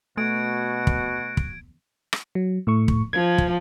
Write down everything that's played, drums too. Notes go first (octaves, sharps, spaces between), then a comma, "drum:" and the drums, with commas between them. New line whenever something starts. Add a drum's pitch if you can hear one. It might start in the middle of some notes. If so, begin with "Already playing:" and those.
B2 A3 F#4 G#6 D7
drum: kick
drum: kick
drum: rim click
F#3
A2 A3 C#6
drum: kick
F3 G#6
drum: kick